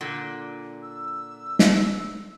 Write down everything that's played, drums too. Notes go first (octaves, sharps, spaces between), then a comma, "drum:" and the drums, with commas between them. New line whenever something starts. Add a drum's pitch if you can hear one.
A#2 D3
E6
drum: snare